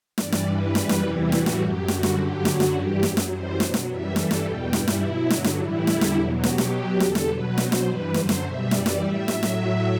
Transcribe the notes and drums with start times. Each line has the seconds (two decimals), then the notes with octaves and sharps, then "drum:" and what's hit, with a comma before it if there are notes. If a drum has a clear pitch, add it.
0.18 G2 E3 G3 D5, drum: snare
0.32 drum: snare
0.46 G2 E3 G3 B4
0.75 F#2 E3 G3 B4, drum: snare
0.89 drum: snare
1.03 E2 C3 E3 G3 E4
1.32 A2 E3 G3 F#4, drum: snare
1.46 drum: snare
1.60 F#2 F#3 G4
1.88 F#2 D3 G3 F#4, drum: snare
2.03 drum: snare
2.17 G2 D3 F#3 G4
2.45 F#2 D3 F#3 F#4, drum: snare
2.60 drum: snare
2.74 G2 E3 G3 G4
3.03 F#2 F#3, drum: snare
3.17 drum: snare
3.31 F#2 E3 G3 C5
3.60 B2 F#3, drum: snare
3.74 drum: snare
3.88 F#2 E3 G3 E5
4.16 G2 E3 G3 A4, drum: snare
4.31 drum: snare
4.45 E2 B2 G3 G4
4.73 G2 E3 G3 E4, drum: snare
4.88 drum: snare
5.02 B2 F#3
5.30 G2 D3 F#3, drum: snare
5.44 drum: snare
5.59 A2 E3 G3 E4
5.87 E2 D3 G3, drum: snare
6.01 drum: snare
6.15 E2 B2 F#3
6.44 B2 F#3 G4, drum: snare
6.58 drum: snare
6.72 B2 F#3
7.00 E2 D3 G3 A4, drum: snare
7.15 drum: snare
7.29 B2 F#3 B4
7.58 B2 F#3 C5, drum: snare
7.72 drum: snare
7.86 G2 E3 G3 B4
8.14 F#2 D3 F#3 C5, drum: snare
8.29 drum: snare
8.43 B2 G3 E5
8.71 F#2 E3 G3 D5, drum: snare
8.86 drum: snare
9.00 A2 G3 E5
9.28 A2 F#3 E5, drum: snare
9.43 drum: snare
9.57 A2 F#3